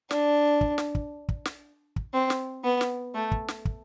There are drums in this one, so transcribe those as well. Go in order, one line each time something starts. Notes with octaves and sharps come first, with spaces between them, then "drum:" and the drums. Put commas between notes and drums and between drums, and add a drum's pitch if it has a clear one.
D4, drum: snare
drum: kick
drum: snare
drum: kick
drum: kick
drum: snare
drum: kick
C4
drum: snare
B3
drum: snare
A3
drum: kick
drum: snare
drum: kick